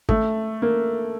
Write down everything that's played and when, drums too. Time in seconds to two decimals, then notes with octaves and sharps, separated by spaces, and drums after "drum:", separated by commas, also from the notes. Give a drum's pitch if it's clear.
0.09 A3, drum: kick
0.62 A#3